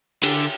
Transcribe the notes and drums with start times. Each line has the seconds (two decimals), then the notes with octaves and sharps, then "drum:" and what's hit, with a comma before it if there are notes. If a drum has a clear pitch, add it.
0.23 D3, drum: cymbal